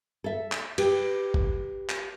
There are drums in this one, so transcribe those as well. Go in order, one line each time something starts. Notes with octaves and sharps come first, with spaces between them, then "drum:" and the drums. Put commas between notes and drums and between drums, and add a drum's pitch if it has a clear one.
A4 E5
drum: clap
G4 B4, drum: cymbal
drum: kick
drum: clap